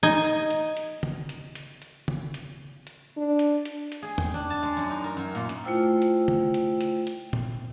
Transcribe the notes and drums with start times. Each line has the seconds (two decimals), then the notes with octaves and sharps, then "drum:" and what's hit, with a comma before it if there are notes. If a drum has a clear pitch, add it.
0.03 D#4 D#5 G#5
0.24 drum: hi-hat
0.50 drum: hi-hat
0.77 drum: hi-hat
1.03 drum: tom C#3
1.29 drum: hi-hat
1.55 drum: hi-hat
1.82 drum: hi-hat
2.08 drum: tom C#3
2.34 drum: hi-hat
2.87 drum: hi-hat
3.17 D4
3.39 drum: hi-hat
3.65 drum: hi-hat
3.92 drum: hi-hat
4.02 G#4
4.18 G5, drum: tom E2
4.34 D4
4.50 A5
4.63 G#3
4.77 F#2
4.90 D#4
5.04 A#4
5.17 F#2
5.35 A#2
5.49 drum: hi-hat
5.65 A3 E4 F4 C5 G5 E6
6.02 drum: hi-hat
6.28 drum: tom C#3
6.54 drum: hi-hat
6.81 drum: hi-hat
7.07 drum: hi-hat
7.33 drum: tom A#2